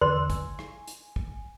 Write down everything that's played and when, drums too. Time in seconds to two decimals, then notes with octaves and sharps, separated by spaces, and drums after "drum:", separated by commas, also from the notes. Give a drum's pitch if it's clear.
0.01 E2 D3 B4 D5 C6 E6 F#6
0.30 G#5, drum: kick, hi-hat
0.59 drum: rim click
0.87 drum: hi-hat
1.16 drum: kick